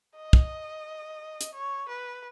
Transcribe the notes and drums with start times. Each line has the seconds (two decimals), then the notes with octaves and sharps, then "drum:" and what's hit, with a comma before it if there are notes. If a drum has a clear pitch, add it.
0.17 D#5
0.33 drum: kick
1.41 drum: hi-hat
1.54 C#5
1.88 B4